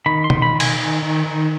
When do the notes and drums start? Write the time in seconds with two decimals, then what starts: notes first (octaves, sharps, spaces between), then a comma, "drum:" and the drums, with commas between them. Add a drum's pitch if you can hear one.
0.06 D#3 B5
0.24 C6
0.30 D#3, drum: tom B2
0.42 B5
0.54 D#3
0.60 G#5, drum: cymbal
0.78 D#3
1.02 D#3
1.26 D#3